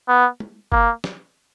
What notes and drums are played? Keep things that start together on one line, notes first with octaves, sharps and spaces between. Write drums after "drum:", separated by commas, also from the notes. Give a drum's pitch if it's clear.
B3
drum: tom
A#3, drum: kick G1
drum: snare